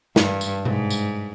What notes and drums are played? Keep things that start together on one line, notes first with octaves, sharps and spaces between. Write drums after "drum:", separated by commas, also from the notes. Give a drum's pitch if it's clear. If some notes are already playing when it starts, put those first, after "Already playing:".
G2, drum: snare
drum: tambourine
G#2, drum: tom B2
drum: tambourine